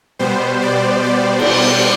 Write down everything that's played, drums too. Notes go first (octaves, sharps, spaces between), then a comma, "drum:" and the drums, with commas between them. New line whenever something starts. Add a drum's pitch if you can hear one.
B2 G3 B3 C5
D5
D5
drum: cymbal